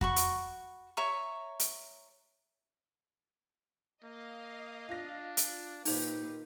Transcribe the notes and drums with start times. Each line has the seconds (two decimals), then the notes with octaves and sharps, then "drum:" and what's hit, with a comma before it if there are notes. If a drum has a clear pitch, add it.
0.01 F#4 B5 C#6, drum: kick F2
0.16 drum: hi-hat
0.97 C#5 E5 A#5 C#6
1.60 drum: hi-hat
4.03 A#3 D#5 F5
4.89 D4 F4 A#6
5.37 drum: hi-hat
5.85 A#2 D#3 D#4 G4 B4 C5, drum: open hi-hat